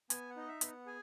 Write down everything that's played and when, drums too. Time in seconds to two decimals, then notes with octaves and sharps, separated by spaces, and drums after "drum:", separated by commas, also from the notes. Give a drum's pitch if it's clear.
0.10 B3 G#5, drum: hi-hat
0.30 F#5
0.37 D#4 D#5
0.48 E5
0.61 B3, drum: hi-hat
0.67 F#5
0.86 G#4 G#5